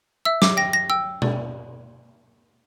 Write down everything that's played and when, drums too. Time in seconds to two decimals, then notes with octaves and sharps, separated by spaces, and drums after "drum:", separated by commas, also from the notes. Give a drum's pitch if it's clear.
0.25 E5 E6
0.42 D6, drum: snare
0.57 G5 A#6
0.73 A#6
0.90 G5 E6
1.22 D5, drum: tom B2